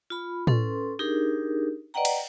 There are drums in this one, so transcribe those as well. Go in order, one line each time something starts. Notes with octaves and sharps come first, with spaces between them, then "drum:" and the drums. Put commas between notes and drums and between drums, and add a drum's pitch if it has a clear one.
F4 B5
C#4 A4 B4 C6, drum: tom A2
D4 D#4 G4 G#4 A#4
B4 D5 D#5 F#5 G5 A#5
drum: cymbal